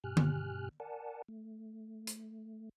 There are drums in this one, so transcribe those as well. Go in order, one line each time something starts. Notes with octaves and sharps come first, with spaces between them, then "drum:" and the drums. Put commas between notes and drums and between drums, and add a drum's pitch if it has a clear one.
G2 B2 G4 G#5 F6 F#6
drum: tom D3
A#4 D5 F#5 G#5 A5
A3
drum: hi-hat